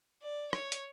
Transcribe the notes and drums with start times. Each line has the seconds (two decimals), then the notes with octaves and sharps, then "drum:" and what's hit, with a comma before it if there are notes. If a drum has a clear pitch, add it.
0.22 D5
0.53 C#5, drum: rim click
0.72 drum: hi-hat